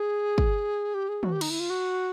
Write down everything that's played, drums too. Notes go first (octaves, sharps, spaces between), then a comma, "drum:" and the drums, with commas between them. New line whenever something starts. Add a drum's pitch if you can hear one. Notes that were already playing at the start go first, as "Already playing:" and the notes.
Already playing: G#4
drum: kick
G4
G#4
F#4, drum: tom
G4
D#4, drum: cymbal
E4
F4
F#4